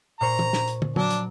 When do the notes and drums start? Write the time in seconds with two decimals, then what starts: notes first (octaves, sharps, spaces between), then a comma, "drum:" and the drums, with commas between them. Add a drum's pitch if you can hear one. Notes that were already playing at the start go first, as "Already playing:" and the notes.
0.21 A#2 C5 A#5 C#6
0.39 drum: tom
0.53 drum: snare
0.68 drum: hi-hat
0.82 drum: tom
0.96 F#3 D4, drum: tom
1.10 drum: hi-hat